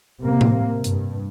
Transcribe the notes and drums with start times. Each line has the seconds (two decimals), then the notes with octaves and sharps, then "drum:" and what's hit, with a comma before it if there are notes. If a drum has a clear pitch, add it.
0.20 C3 A#3
0.41 drum: tom A2
0.84 G2, drum: hi-hat